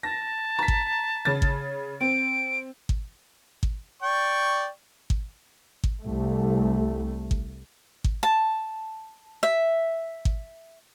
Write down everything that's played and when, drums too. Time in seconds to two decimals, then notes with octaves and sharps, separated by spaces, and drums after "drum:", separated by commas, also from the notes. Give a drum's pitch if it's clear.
0.03 A5 A#6
0.59 A#5 B6
0.68 drum: kick G#1
1.25 C#3 A6
1.42 drum: kick G#1
2.01 C4 D7
2.89 drum: kick G#1
3.63 drum: kick G#1
4.02 D5 G5 C#6
5.10 drum: kick G#1
5.84 drum: kick G#1
6.03 C2 A3
7.31 drum: kick G#1
8.04 drum: kick G#1
8.23 A5
9.43 E5
10.25 drum: kick G#1